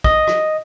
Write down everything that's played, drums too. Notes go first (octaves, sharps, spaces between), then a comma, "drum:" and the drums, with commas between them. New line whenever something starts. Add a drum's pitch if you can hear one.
D#5, drum: kick
drum: rim click